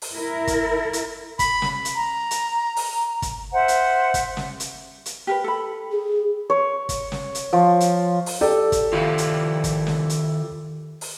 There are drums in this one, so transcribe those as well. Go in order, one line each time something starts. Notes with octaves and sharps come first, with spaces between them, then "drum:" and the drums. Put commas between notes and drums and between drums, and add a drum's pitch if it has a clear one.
drum: open hi-hat
E4 A#4
drum: kick, hi-hat
drum: hi-hat
B5, drum: kick, hi-hat
drum: snare
drum: hi-hat
A#5
drum: hi-hat
drum: open hi-hat
drum: kick, hi-hat
C5 E5 F#5
drum: hi-hat
drum: kick, hi-hat
drum: snare
drum: hi-hat
drum: hi-hat
G4 A#4 B4
A4 B5
G#4
C#5
drum: kick, hi-hat
drum: snare
drum: hi-hat
F3
drum: hi-hat
drum: open hi-hat
G4 A4 D5
drum: kick, hi-hat
D#3 E4 F4
drum: hi-hat
drum: kick, hi-hat
drum: snare
drum: hi-hat
drum: open hi-hat